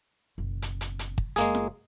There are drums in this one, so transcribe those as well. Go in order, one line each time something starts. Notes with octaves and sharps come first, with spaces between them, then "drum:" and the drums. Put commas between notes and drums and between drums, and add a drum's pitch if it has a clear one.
F#1 B2
drum: hi-hat
drum: hi-hat
drum: hi-hat
drum: kick
F#1 G#3 A#3 G#4, drum: hi-hat
drum: snare